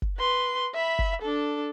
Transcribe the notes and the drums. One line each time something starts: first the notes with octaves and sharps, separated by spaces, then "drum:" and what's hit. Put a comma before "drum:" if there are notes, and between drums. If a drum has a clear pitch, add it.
drum: kick
B4 C6
E5 B5
drum: kick
D4 A4